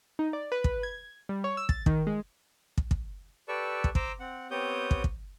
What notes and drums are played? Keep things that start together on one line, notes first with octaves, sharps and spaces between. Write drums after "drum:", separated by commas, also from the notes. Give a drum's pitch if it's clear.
D#4
D5
B4
drum: kick
G#6
G3
C#5
E6
A6, drum: kick
D#3, drum: kick
G#3
drum: kick
drum: kick
G4 A4 B4 D5 C#6 E6
drum: kick
C5 A#5 D6 E6, drum: kick
C4 F#5
B3 C4 G4 C#5 D#6 G6
drum: kick
drum: kick